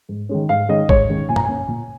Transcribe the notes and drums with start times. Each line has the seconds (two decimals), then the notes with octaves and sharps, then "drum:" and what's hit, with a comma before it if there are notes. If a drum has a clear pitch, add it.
0.09 G#2
0.29 D#3 G#3 C#4
0.49 G#2 F5
0.69 D#3 G#3 C#4 D#5
0.89 G#2 C#5, drum: kick
1.09 D#3 G#3 C#4
1.29 A#2 G#5
1.36 A#5, drum: tom
1.45 A#3 C#4 G#5
1.68 A#2